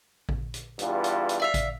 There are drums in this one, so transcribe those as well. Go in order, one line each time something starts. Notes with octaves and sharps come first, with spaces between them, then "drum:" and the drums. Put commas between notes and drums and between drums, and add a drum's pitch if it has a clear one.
drum: kick A1
drum: hi-hat
E2 G2 F4, drum: hi-hat
drum: hi-hat
drum: hi-hat
D5 E5 F5
drum: kick A1, hi-hat